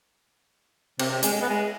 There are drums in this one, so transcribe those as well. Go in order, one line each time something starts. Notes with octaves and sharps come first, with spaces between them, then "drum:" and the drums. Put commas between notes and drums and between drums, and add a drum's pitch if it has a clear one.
C3, drum: cymbal
C3
G#3, drum: hi-hat
G#3
B3
G#3